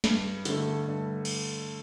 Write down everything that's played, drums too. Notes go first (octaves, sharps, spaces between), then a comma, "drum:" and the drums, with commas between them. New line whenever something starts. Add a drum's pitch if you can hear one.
G2, drum: snare
D3 A3, drum: hi-hat
G2
drum: cymbal